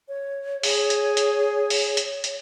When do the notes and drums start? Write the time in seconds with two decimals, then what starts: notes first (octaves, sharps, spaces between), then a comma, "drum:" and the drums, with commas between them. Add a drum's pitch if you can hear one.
0.08 C#5
0.63 G#4, drum: open hi-hat
0.90 drum: hi-hat
1.17 drum: hi-hat
1.70 drum: open hi-hat
1.97 drum: hi-hat
2.24 drum: hi-hat